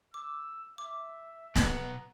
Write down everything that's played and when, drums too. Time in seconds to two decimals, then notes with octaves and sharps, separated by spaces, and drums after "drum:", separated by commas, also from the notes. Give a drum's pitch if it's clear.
0.14 D6 E6
0.78 E5 D6
1.56 B1 B3 A#5 F#7, drum: snare